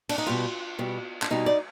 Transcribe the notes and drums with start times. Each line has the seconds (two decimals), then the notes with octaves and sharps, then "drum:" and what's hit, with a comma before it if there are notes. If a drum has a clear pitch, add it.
0.09 D4, drum: cymbal
0.18 D#4
0.27 B2 G3 F4
0.79 B2 G3
1.22 D4, drum: clap
1.30 B2 G3 D#4
1.46 D5